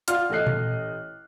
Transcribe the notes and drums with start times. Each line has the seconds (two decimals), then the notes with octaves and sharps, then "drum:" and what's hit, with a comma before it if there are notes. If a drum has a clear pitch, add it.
0.08 F4 D5 F5 F#5 C6 F6, drum: hi-hat
0.30 A1 A3 A4 D#5 F#6 C7
0.47 drum: tom A#2